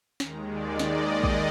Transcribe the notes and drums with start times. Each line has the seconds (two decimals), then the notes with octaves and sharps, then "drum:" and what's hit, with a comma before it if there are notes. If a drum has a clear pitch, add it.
0.20 D#2 D#3 G#3 A#5, drum: snare
0.50 D5
0.79 D#5, drum: snare
1.23 drum: kick